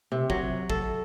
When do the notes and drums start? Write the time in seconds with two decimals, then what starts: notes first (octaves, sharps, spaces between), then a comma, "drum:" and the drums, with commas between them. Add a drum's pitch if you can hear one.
0.12 C3
0.30 F#3, drum: kick
0.70 A4, drum: kick